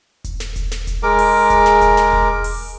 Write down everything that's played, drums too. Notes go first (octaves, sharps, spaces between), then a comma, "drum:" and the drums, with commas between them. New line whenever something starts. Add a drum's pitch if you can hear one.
drum: kick E1, hi-hat
drum: snare
drum: kick E1, hi-hat
drum: snare
drum: kick E1, hi-hat
G#3 A#4 D6
drum: open hi-hat
drum: kick E1, hi-hat
drum: snare
drum: kick E1, hi-hat
drum: snare
drum: kick E1
drum: open hi-hat